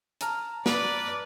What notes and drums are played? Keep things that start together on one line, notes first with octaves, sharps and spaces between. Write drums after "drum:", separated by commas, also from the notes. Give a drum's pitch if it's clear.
A5 A#5 F6, drum: hi-hat
B4 D5, drum: snare